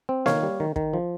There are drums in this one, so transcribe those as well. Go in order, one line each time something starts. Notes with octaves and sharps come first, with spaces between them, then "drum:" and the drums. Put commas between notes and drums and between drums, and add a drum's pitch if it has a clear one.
C4
D#3 C#5 F5, drum: snare A#3
G3
D#3
D#3, drum: kick
F3